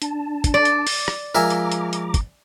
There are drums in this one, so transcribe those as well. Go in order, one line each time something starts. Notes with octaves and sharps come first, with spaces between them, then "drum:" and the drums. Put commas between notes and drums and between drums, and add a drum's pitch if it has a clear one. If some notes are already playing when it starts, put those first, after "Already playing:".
D4 A5, drum: hi-hat
drum: kick, hi-hat
D5
drum: hi-hat
drum: open hi-hat
drum: rim click
F3 G#3 F4 A#4 E5 G#5 A#5 D6
drum: hi-hat
drum: hi-hat
drum: hi-hat
drum: kick, hi-hat